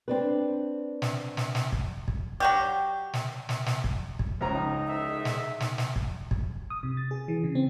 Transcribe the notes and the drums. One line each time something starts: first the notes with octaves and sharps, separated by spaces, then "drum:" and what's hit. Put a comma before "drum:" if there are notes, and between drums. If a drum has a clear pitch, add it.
C4 D4 B4
drum: snare
drum: snare
drum: snare
drum: kick
drum: kick
F#3 F#4 G4
drum: snare
drum: snare
drum: snare
drum: kick
drum: kick
C#2 F3 C#4 A#5
D#4
C2 G#2 E5
drum: snare
drum: snare
drum: snare
drum: kick
drum: kick
D#6
C3
A6
G#4
E3
C#3
C4